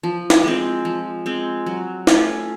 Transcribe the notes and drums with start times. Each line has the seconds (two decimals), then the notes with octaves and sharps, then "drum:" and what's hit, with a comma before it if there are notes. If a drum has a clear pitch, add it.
0.03 F3
0.30 drum: snare
0.44 G#3 C4
0.85 F3
1.26 G#3 C4
1.66 F#3
2.07 A3 C#4 F4, drum: snare